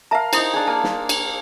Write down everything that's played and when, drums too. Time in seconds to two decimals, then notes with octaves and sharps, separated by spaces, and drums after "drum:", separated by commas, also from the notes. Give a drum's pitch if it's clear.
0.11 A#4 E5 F5 A5 A#5
0.33 D#4 E4 C5 D#6, drum: cymbal
0.53 D4 G#4
0.67 A#3 A5
0.84 drum: snare
1.09 drum: cymbal